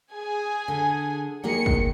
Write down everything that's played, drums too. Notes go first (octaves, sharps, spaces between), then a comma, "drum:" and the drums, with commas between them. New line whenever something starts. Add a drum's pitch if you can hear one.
G#4 G#5
D3
D#3 A#3 G#4 C#7
drum: kick